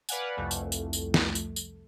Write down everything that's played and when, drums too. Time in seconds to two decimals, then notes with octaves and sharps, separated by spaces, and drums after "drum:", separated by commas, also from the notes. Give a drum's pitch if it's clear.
0.09 B4 D5 F5 F#5 G#5, drum: tambourine
0.37 C2 F2 A3
0.51 drum: tambourine
0.72 drum: tambourine
0.93 drum: tambourine
1.14 drum: snare
1.35 drum: tambourine
1.56 drum: tambourine